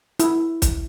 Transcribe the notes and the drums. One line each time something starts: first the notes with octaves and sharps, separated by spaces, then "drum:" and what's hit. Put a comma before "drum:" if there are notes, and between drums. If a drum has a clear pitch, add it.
E4, drum: hi-hat
drum: kick, hi-hat